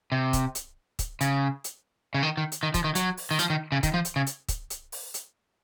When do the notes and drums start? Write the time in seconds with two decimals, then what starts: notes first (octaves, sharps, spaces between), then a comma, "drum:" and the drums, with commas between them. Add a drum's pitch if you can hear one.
0.12 C3
0.33 drum: kick, hi-hat
0.55 drum: hi-hat
0.99 drum: kick, hi-hat
1.21 C#3, drum: hi-hat
1.64 drum: hi-hat
2.14 C#3
2.23 D#3
2.37 D#3
2.52 drum: hi-hat
2.63 D#3
2.74 F3, drum: kick, hi-hat
2.84 D#3
2.95 F#3, drum: hi-hat
3.17 drum: open hi-hat
3.31 D#3
3.39 F3, drum: hi-hat
3.50 D#3
3.72 C#3
3.83 D#3, drum: kick, hi-hat
3.94 F3
4.05 drum: hi-hat
4.16 C#3
4.27 drum: hi-hat
4.49 drum: kick, hi-hat
4.70 drum: hi-hat
4.92 drum: open hi-hat
5.14 drum: hi-hat